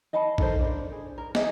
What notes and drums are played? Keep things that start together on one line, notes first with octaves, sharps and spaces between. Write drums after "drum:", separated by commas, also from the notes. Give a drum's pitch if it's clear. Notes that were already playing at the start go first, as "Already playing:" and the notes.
D#5 F5 A5 B5
D#4 A4 A#4 C5, drum: kick
D4 C5
G#4
A#4
G4 G#4 D#5 E5, drum: snare